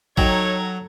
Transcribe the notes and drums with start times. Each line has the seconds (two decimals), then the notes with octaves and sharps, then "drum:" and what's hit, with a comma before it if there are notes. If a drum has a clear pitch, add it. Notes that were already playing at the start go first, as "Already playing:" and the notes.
0.18 F#3 D#4 F#4 A4 C#5 G5 A#5 G#6, drum: kick